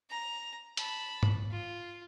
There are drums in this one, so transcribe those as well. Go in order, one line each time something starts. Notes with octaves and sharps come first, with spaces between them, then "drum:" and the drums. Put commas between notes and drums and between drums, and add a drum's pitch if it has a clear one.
A#5
A5 B5, drum: hi-hat
drum: tom
F4